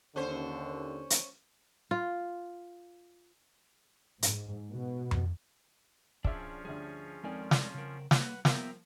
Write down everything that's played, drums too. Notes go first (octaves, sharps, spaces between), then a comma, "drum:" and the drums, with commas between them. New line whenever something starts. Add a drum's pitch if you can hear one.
D#2 D3 C#4 C5
drum: hi-hat
F4
G#2, drum: hi-hat
B2
drum: tom F2
F3 C#4 D4 F4 G#4 D5 E5, drum: kick
D2 G2 G#4
F2 D#3 G#3 A#4 D5 G#5
drum: snare
C#3 A#4
A#3 B4 F#5, drum: snare
F3 A#3 B3 E5 G5 A#5, drum: snare